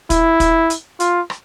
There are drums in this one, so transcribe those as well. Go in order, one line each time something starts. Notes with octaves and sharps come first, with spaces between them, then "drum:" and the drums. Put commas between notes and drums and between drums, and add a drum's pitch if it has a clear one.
E4, drum: kick, hi-hat
drum: kick, hi-hat
drum: hi-hat
F4, drum: hi-hat
drum: rim click